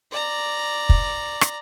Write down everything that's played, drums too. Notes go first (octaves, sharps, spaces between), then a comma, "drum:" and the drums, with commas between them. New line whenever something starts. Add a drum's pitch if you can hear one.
D5 A#5
drum: kick
drum: rim click